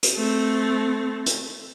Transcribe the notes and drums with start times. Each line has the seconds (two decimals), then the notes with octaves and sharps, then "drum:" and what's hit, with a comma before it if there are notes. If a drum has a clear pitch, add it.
0.03 drum: hi-hat
0.15 A3 C4
1.26 drum: hi-hat